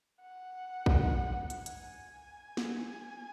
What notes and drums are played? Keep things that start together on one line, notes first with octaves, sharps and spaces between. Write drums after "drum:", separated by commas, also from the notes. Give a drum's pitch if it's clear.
F#5
drum: kick
drum: hi-hat
G#5, drum: hi-hat
drum: snare